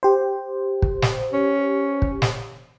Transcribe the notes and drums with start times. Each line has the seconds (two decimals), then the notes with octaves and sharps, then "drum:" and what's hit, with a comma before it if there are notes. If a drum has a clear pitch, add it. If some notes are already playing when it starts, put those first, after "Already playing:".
0.03 G4 C5
0.82 drum: kick
1.02 drum: snare
1.33 C#4
2.02 drum: kick
2.22 drum: snare